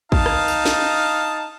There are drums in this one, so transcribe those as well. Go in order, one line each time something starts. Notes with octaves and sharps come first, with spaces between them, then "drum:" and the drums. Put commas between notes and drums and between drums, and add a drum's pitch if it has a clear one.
D#4 F5 A5, drum: kick
drum: rim click
drum: tambourine
drum: snare